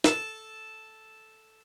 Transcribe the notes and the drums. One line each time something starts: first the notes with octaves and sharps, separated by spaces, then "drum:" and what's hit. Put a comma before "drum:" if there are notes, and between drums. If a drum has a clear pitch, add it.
A4 A5, drum: snare